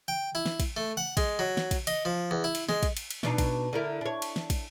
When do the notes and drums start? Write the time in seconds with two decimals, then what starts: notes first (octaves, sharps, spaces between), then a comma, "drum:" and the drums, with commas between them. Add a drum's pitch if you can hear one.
0.08 G5
0.35 E4
0.46 drum: snare
0.60 drum: kick, cymbal
0.77 A3
0.97 F#5
1.17 G#3, drum: kick, cymbal
1.39 F#3
1.57 drum: snare
1.71 drum: kick, cymbal
1.87 D#5, drum: cymbal
2.05 F3
2.31 E2
2.44 E4
2.55 drum: cymbal
2.69 G#3, drum: snare
2.83 drum: kick, cymbal
2.97 drum: cymbal
3.11 drum: cymbal
3.23 B2 D4 D#4, drum: snare
3.38 drum: kick, cymbal
3.73 D3 E4 A#4
4.01 D4 C#5
4.22 drum: cymbal
4.36 drum: snare
4.50 drum: kick, cymbal